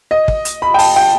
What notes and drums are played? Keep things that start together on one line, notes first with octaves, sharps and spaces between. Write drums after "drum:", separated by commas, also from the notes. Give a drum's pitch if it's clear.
D#5
drum: kick
drum: hi-hat
B5
G5
A5, drum: open hi-hat
G5